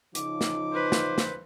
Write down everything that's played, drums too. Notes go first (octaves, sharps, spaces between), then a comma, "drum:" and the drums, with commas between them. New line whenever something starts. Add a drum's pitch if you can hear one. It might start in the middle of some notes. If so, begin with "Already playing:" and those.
C#3 F3 D#4 D6, drum: hi-hat
drum: snare
B4 C5
drum: snare
drum: snare